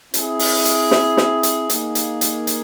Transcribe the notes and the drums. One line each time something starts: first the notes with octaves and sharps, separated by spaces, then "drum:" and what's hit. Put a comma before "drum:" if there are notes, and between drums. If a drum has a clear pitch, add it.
C4 E4 G#4, drum: hi-hat
drum: open hi-hat
drum: hi-hat
drum: snare
drum: snare
drum: hi-hat
A#3 D#4 G#4, drum: hi-hat
drum: hi-hat
drum: hi-hat
drum: hi-hat